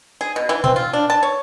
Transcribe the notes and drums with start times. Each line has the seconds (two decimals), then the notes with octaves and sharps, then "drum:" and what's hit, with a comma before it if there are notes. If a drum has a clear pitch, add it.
0.21 G#4
0.36 B2
0.49 E3
0.64 C4, drum: tom A#2
0.76 F4
0.93 D4
1.10 A5
1.23 C#5